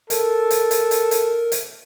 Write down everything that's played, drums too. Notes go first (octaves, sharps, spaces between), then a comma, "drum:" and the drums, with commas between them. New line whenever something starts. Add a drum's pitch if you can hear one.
A4 A#4, drum: hi-hat
drum: hi-hat
drum: hi-hat
drum: hi-hat
drum: hi-hat
drum: hi-hat